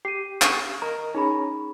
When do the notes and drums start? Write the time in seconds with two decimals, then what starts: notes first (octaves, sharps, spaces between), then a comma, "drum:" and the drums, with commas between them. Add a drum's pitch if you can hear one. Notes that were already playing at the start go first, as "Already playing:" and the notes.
0.05 G4 C7 D#7
0.42 drum: clap
0.82 A#4 D#5 A#5
1.15 C#4 D#4 G#4 A#5 B5